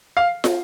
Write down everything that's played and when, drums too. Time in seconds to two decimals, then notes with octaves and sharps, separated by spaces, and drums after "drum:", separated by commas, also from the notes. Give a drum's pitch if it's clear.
0.17 F5
0.44 drum: snare